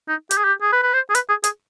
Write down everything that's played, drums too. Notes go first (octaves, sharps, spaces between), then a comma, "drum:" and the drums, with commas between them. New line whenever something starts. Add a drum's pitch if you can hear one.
D#4
G4, drum: hi-hat
G#4
G4
G#4
B4
B4
C5
G#4
B4, drum: hi-hat
G#4
G#4, drum: hi-hat